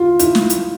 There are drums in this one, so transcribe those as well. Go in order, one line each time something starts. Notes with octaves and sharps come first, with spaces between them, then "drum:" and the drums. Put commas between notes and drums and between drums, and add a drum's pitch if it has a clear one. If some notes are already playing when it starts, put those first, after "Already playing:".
Already playing: F4
E4, drum: hi-hat
drum: snare
drum: hi-hat